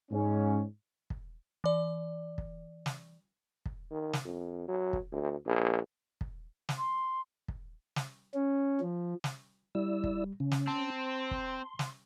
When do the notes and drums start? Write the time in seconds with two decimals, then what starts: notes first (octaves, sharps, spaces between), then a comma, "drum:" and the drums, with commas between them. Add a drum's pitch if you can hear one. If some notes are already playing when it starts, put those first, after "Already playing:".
0.12 G#2 C#4
1.10 drum: kick
1.64 E3 D5
2.38 drum: kick
2.86 drum: snare
3.66 drum: kick
3.91 D#3
4.13 drum: snare
4.25 F2
4.68 F#3
4.93 drum: kick
5.12 D2
5.46 A#1
6.21 drum: kick
6.69 drum: snare
6.78 C6
7.48 drum: kick
7.96 drum: snare
8.34 C#4
8.80 F3
9.24 drum: snare
9.75 G3 E4 D5 E6
10.04 drum: kick
10.40 C#3 C#4
10.51 drum: snare
10.67 C4 A5
10.98 C6
11.31 drum: kick
11.79 drum: snare